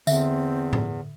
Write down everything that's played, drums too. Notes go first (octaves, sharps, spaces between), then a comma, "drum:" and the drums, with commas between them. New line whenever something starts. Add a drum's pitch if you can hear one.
E2 D3 C4 E5, drum: tambourine
drum: tom A2